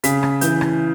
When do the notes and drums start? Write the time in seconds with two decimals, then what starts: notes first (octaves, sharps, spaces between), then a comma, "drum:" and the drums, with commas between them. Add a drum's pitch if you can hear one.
0.04 C#3 B6, drum: hi-hat
0.23 drum: rim click
0.41 E3 G6, drum: hi-hat
0.61 drum: rim click